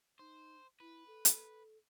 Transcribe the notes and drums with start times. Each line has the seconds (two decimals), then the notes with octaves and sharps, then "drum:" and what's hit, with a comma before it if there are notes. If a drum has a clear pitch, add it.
0.19 D#4 C5
0.80 E4 B4
1.07 A4
1.25 drum: hi-hat